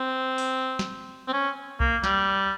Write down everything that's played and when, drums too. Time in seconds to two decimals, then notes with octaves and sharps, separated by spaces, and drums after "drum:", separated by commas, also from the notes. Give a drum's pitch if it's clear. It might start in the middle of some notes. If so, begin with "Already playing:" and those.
Already playing: C4
0.38 drum: open hi-hat
0.79 drum: snare
1.28 C4
1.33 C#4
1.80 A#3, drum: kick C2
2.04 G3, drum: snare